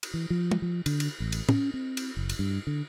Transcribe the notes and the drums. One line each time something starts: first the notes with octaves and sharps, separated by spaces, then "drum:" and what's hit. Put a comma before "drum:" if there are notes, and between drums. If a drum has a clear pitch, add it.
drum: cymbal
E3
F3
drum: tom
F3
D3, drum: cymbal
drum: cymbal
A1
drum: cymbal
C#4, drum: tom
C4
drum: cymbal
F#1
drum: cymbal
G2
D3